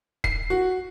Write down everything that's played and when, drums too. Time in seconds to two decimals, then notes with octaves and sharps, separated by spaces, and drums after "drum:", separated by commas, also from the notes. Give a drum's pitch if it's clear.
0.24 C7, drum: kick D#1
0.50 F#4